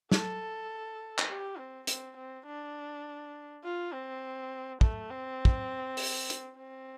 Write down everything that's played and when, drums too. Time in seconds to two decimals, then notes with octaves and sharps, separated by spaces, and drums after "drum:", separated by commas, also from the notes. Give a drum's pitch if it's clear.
0.12 A4, drum: snare
1.18 drum: clap
1.29 G4
1.59 C4
1.87 C4, drum: hi-hat
2.17 C4
2.47 D4
3.64 F4
3.93 C4
4.81 A3, drum: kick
5.10 C4
5.45 drum: kick
5.97 drum: open hi-hat
6.30 drum: hi-hat
6.58 C4